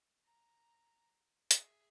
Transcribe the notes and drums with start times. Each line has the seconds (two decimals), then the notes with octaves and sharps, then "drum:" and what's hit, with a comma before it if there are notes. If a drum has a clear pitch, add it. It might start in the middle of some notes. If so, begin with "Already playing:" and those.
0.24 A#5
1.51 G#4 E5, drum: hi-hat